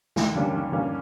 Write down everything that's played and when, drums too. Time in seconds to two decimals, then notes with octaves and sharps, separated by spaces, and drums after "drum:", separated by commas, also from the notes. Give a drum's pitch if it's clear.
0.16 D#2, drum: snare
0.35 D3 G3 A#3 C#4
0.53 D#2
0.72 D3 G3 A#3 C#4